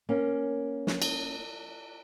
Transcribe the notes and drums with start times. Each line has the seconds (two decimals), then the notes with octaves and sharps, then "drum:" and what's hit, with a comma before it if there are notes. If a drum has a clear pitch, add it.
0.09 A#3 C#4
0.87 drum: snare
1.02 drum: cymbal